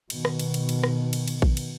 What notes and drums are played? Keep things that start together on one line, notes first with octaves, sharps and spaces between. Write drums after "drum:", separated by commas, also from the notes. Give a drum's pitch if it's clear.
B2 D#3, drum: cymbal
drum: rim click
drum: cymbal
drum: cymbal
drum: cymbal
drum: rim click
drum: cymbal
drum: cymbal
drum: kick A#1
drum: cymbal